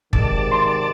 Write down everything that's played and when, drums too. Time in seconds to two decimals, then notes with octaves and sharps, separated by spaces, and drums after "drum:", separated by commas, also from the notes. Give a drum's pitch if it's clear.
0.13 G#2 C3 D#3 D5 A5, drum: kick
0.51 C6